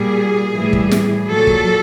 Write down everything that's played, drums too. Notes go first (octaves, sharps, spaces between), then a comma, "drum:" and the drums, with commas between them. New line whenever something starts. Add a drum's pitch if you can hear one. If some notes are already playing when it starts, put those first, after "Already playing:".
Already playing: A#2 G3 G#4
A2 E3 G3
drum: kick
drum: snare
A#2 F#3 A4
drum: kick